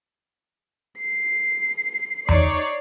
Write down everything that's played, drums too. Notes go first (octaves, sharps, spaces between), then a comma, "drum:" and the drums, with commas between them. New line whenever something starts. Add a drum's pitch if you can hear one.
C7
D#4 C#5 D5, drum: tom E2